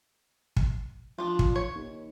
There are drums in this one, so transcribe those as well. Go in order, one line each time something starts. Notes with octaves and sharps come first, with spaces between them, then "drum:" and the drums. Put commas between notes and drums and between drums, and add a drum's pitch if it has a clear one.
drum: kick
F3 D4 F4
drum: kick
C#5
D#2